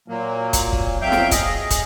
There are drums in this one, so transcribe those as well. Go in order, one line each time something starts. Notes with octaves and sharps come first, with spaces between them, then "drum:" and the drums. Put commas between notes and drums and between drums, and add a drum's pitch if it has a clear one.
A#2 F#3 A#3
drum: kick, hi-hat
drum: kick
F2 F#3 E5 F5 G5 G6
drum: snare
G#4 D#5, drum: kick, hi-hat
drum: kick, hi-hat